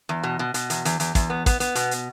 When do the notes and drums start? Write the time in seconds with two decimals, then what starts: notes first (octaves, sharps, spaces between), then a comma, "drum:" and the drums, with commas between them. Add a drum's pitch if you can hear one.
0.09 E2
0.23 B2
0.39 B2
0.54 B2, drum: hi-hat
0.70 E2, drum: hi-hat
0.85 E2, drum: hi-hat
1.00 E2, drum: hi-hat
1.15 E2, drum: kick, hi-hat
1.30 B3
1.46 B3, drum: kick, hi-hat
1.60 B3, drum: hi-hat
1.75 B2, drum: hi-hat
1.91 drum: hi-hat